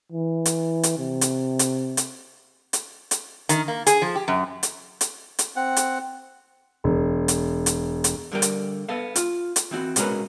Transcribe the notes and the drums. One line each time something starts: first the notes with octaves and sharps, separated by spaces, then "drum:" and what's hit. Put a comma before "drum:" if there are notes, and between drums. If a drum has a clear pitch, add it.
E3
drum: hi-hat
drum: hi-hat
C3
drum: hi-hat
drum: hi-hat
drum: hi-hat
drum: hi-hat
drum: hi-hat
D#3, drum: hi-hat
A#3
G#4, drum: hi-hat
F3
G4
F#2
drum: hi-hat
drum: hi-hat
drum: hi-hat
C4 F#5
drum: hi-hat
E1
drum: hi-hat
drum: hi-hat
drum: hi-hat
D3 G3 A#4 G5
drum: hi-hat
B3 A4 F5
F4, drum: hi-hat
drum: hi-hat
E3 C4 F#4
B2 G#3 C#4 F#4 A#4 B4, drum: hi-hat